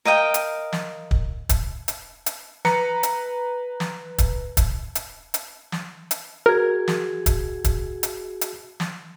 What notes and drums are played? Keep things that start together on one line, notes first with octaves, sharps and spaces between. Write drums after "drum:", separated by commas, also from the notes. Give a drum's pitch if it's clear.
A#4 D#5 F5 G5
drum: hi-hat
drum: snare
drum: kick
drum: kick, hi-hat
drum: hi-hat
drum: hi-hat
B4 A#5 C#7, drum: snare
drum: hi-hat
drum: snare
drum: kick, hi-hat
drum: kick, hi-hat
drum: hi-hat
drum: hi-hat
drum: snare
drum: hi-hat
F#4 G#4 A#4 G#6
drum: snare
drum: kick, hi-hat
drum: kick, hi-hat
drum: hi-hat
drum: hi-hat
drum: snare